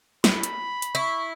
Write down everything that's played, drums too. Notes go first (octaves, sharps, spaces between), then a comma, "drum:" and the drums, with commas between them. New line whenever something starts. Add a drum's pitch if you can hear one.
B5, drum: snare
drum: hi-hat
drum: hi-hat
E4 C#6